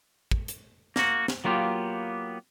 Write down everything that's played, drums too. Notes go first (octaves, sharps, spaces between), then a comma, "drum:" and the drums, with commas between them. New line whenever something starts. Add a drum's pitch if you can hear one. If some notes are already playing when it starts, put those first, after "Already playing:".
drum: kick
drum: hi-hat
A#3 F#4, drum: snare
drum: snare
F#3 A#3 B3 F4 G4